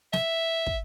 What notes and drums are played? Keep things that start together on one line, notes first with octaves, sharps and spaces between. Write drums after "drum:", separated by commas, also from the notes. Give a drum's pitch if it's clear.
E5, drum: snare
drum: kick